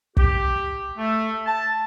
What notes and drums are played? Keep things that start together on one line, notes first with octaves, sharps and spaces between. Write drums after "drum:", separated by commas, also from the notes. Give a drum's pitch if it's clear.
G4, drum: kick
A3
A5